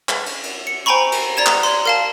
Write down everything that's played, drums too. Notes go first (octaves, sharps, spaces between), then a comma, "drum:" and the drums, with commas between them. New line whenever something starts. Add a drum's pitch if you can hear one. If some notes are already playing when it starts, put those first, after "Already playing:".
drum: clap
drum: cymbal
drum: cymbal
C#7
C5 G5 G#5 A#5 B5 C#6
drum: cymbal
D5 A#5 G#6 E7
drum: clap
C6, drum: cymbal
A#4 F5 A5